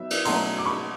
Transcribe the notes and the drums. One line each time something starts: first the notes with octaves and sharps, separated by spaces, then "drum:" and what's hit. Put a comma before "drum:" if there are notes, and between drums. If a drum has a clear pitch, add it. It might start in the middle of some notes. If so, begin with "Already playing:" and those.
Already playing: F#3 B3 D#4 E5
drum: cymbal
B2 F#3 A3 C#4 A#5 C6, drum: open hi-hat
D6
B5 C#6